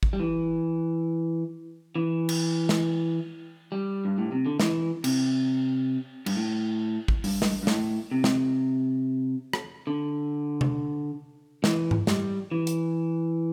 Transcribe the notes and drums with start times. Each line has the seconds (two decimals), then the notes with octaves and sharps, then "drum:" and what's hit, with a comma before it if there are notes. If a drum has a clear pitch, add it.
0.03 drum: kick A1
0.13 G3
0.20 E3
1.96 E3
2.29 drum: cymbal
2.69 drum: snare
3.72 G3
4.05 G2
4.18 A2
4.32 C3
4.46 D3
4.60 E3, drum: snare
5.04 C3, drum: cymbal
6.26 G2, drum: cymbal
6.35 A2
7.08 drum: kick A1
7.24 G2, drum: open hi-hat
7.42 drum: snare
7.63 G2
7.67 A2, drum: snare
8.11 C3
8.24 drum: snare
9.53 drum: rim click
9.87 D3
10.61 drum: tom C3
11.64 E3, drum: snare
11.91 drum: tom G#2
12.07 G3, drum: snare
12.51 E3
12.67 drum: hi-hat